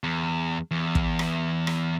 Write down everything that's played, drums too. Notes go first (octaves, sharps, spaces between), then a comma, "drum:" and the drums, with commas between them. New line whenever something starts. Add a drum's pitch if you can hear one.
E2
E2
drum: kick
drum: rim click
drum: rim click